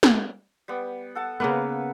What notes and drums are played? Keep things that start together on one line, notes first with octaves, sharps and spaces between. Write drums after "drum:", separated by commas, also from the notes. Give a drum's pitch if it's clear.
drum: snare
G3 B3
A4 F#5 A5
C#3 A#3 B3 B4